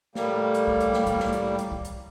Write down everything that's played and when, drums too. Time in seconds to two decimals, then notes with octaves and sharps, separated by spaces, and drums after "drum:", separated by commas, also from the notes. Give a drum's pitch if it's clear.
0.15 A2 G3 A#3, drum: snare
0.54 drum: hi-hat
0.68 drum: kick C2
0.81 drum: hi-hat
0.94 drum: snare
1.07 drum: kick C2, hi-hat
1.20 drum: snare
1.33 drum: hi-hat
1.59 drum: hi-hat
1.72 drum: kick C2
1.85 drum: hi-hat